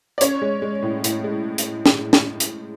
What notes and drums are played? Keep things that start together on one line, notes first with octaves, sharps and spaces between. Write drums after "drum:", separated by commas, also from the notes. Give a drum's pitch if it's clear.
D5
C#4 C#5, drum: hi-hat
G#3
G#3
A2
A2, drum: hi-hat
G#3
drum: hi-hat
drum: snare
drum: snare
drum: hi-hat